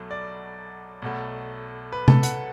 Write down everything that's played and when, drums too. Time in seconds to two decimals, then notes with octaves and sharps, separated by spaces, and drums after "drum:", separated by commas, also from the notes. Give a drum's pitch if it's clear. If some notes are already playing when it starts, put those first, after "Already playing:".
Already playing: B1 B2 F#3 A3
0.11 D5
1.02 B1 B2 A3
1.92 B4
2.08 A4, drum: tom C3
2.23 F#5, drum: hi-hat